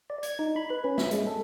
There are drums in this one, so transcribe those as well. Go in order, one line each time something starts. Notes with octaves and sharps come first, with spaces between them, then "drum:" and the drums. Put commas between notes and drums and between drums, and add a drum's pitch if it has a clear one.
D5
G#6, drum: hi-hat
D#4
B5
B4
C#4
E5, drum: snare
G#3, drum: hi-hat
A4